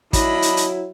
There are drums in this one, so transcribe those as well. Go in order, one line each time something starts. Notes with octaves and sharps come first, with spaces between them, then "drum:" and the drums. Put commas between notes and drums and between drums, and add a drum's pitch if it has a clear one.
F#3 D4 E4 D#5 B5, drum: kick, hi-hat
drum: hi-hat
drum: hi-hat